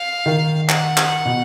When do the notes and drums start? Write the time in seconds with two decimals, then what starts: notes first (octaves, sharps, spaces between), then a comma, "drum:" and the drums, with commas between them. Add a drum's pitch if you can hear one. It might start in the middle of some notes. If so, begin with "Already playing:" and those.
Already playing: F5
0.26 D#3
0.69 F#5, drum: clap
0.97 drum: clap
1.26 B2